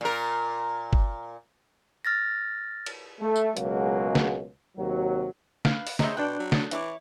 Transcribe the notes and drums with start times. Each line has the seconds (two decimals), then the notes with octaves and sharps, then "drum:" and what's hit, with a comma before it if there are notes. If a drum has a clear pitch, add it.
0.01 A#2 A#4
0.93 drum: kick G1
2.05 F6 A6 A#6
2.86 drum: cymbal
3.21 A3
3.36 drum: tambourine
3.57 C#2 B2 F#3 G#3 A#3, drum: hi-hat
4.15 drum: snare
4.77 D#2 C3 F#3
5.65 B4 F5, drum: snare
5.87 drum: open hi-hat
5.99 C#3 D#4 C5 D#5 E5 A#5, drum: snare
6.17 B2 D4 G5 F#6
6.39 F#3
6.52 A4 D#6, drum: snare
6.71 E3 E4 C#5 D6, drum: hi-hat